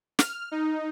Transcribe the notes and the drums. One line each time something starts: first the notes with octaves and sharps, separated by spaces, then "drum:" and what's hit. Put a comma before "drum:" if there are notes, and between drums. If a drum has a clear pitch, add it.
F6, drum: snare
D#4